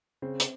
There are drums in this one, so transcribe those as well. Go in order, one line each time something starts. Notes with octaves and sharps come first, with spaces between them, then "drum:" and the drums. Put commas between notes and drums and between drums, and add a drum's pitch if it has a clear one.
C#3 C4
drum: hi-hat